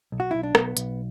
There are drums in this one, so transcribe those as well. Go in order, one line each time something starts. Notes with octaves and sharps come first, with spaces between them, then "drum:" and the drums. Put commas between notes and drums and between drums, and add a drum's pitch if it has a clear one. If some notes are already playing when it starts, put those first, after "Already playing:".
B1
F#4
B1 E4
D4
B1 B3, drum: rim click
B1, drum: hi-hat